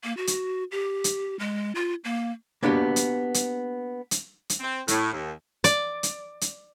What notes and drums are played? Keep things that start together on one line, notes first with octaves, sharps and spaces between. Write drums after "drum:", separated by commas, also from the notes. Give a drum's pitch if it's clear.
A#3
F#4
drum: hi-hat
G4
drum: hi-hat
G#3
F4
A#3
A#3 B3 D4 F#4 G4
drum: hi-hat
drum: hi-hat
drum: hi-hat
drum: hi-hat
C4
A2, drum: hi-hat
D#2
D5, drum: hi-hat
drum: hi-hat
drum: hi-hat